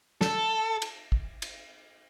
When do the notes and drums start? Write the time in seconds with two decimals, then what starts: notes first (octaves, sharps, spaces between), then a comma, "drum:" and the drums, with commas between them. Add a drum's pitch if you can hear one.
0.21 A4, drum: snare
0.82 drum: cymbal
1.12 drum: kick
1.42 drum: cymbal